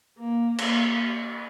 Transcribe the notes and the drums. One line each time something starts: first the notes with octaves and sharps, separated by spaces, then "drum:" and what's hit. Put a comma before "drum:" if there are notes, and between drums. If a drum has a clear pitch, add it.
A#3
A#3, drum: cymbal